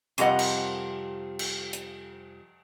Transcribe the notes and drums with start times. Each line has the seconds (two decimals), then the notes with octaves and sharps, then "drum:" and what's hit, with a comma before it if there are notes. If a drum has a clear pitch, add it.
0.18 F2 C3 G3 A#4 D#5 F#5, drum: hi-hat
0.39 drum: cymbal
1.39 drum: cymbal
1.73 drum: hi-hat